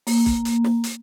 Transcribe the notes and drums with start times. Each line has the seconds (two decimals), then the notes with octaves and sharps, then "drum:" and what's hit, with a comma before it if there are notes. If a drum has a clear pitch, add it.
0.07 A#3, drum: open hi-hat
0.26 drum: kick, hi-hat
0.45 drum: hi-hat
0.64 drum: snare
0.84 drum: hi-hat